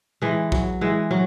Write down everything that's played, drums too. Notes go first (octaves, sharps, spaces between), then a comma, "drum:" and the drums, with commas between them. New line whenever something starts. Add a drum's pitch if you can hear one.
E3 G#3
F#3, drum: kick A#1
E3 G#3
F#3